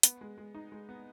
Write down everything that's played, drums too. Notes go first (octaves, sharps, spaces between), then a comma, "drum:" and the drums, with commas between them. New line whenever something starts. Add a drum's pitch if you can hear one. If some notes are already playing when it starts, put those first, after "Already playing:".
B3, drum: hi-hat
G#3
G#3
D#4
G#3
B3